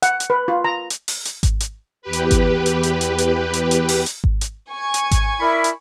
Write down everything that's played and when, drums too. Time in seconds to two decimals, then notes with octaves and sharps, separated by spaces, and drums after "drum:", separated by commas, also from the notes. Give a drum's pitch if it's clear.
0.02 F#5, drum: hi-hat
0.20 drum: hi-hat
0.30 B4
0.48 F4
0.64 A#5
0.90 drum: hi-hat
1.08 drum: open hi-hat
1.25 drum: hi-hat
1.43 drum: kick G#1, hi-hat
1.60 drum: hi-hat
2.02 E2 G4 B4
2.13 drum: hi-hat
2.31 drum: kick G#1, hi-hat
2.66 drum: hi-hat
2.83 drum: hi-hat
3.01 drum: hi-hat
3.18 drum: hi-hat
3.53 drum: hi-hat
3.71 drum: hi-hat
3.89 drum: open hi-hat
4.06 drum: hi-hat
4.24 drum: kick G#1
4.41 drum: hi-hat
4.72 G#5 C#6 G#6
4.94 drum: hi-hat
5.11 drum: kick G#1, hi-hat
5.40 E4 A#4 D5 B5
5.64 drum: hi-hat